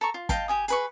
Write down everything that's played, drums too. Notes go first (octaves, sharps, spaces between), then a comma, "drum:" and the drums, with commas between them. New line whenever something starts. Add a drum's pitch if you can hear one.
A4 A#5 C#6
F4
D#5 F5 G5 A5, drum: kick, hi-hat
G4 G#5 D#6
G#4 B4 C#6, drum: hi-hat